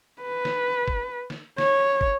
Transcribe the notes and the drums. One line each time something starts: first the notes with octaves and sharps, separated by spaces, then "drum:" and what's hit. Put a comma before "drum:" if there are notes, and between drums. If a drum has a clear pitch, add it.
B4
drum: snare
drum: kick
drum: snare
C#5, drum: snare
drum: kick